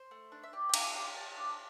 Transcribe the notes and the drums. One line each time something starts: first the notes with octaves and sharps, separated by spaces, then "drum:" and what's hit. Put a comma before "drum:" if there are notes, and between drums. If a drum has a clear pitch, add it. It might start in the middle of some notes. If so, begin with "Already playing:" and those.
Already playing: C5
A3
D4
E5
G4 D5
G5
D4 E5, drum: cymbal
G4 C6
G4 A5
D4